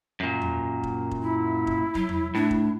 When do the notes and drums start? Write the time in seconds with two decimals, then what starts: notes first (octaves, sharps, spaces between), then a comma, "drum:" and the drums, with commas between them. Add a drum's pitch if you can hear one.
0.20 F#2 A#2
0.42 drum: tom E2
0.83 drum: kick F1
1.11 drum: kick F1
1.22 E4
1.67 drum: kick F1
1.95 F#3, drum: kick F1
2.09 drum: tom E2
2.35 A2 D4
2.51 drum: kick F1